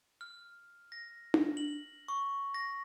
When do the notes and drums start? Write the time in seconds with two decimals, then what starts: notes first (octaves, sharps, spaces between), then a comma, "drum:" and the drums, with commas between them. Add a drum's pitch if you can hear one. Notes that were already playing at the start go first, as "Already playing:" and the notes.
0.21 F6
0.92 A#6
1.34 drum: tom D4
1.57 F#7
2.08 C#6
2.54 A#6